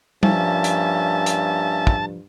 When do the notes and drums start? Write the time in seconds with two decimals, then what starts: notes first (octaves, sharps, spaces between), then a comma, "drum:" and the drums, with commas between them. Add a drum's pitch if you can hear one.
0.23 G2 F3 A#3 C#4 E5 A5, drum: tom G3
0.64 drum: hi-hat
1.26 drum: hi-hat
1.87 drum: kick